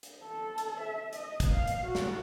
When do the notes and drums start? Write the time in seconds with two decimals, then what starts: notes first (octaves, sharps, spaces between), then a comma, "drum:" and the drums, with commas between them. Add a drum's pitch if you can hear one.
0.03 drum: hi-hat
0.24 A4
0.58 drum: hi-hat
0.80 E5
1.13 D#5, drum: hi-hat
1.40 drum: kick, hi-hat
1.52 F5
1.67 drum: hi-hat
1.85 F#4
1.95 drum: snare